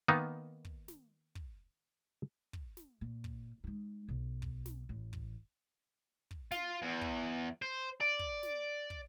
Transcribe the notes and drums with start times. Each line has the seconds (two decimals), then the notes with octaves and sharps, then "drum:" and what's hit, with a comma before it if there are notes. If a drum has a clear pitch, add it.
0.08 D#3 A#3 B3 D#4
0.65 drum: kick
0.88 drum: snare
1.35 drum: kick
2.53 drum: kick
2.77 drum: snare
3.01 A#2
3.24 drum: kick
3.64 G#3 D#4
4.09 B1
4.42 drum: kick
4.66 drum: snare
4.89 A1
5.13 drum: kick
6.31 drum: kick
6.52 F4, drum: snare
6.82 E2
7.01 drum: kick
7.62 C5
8.01 D5
8.19 drum: kick
8.43 drum: snare
8.90 drum: kick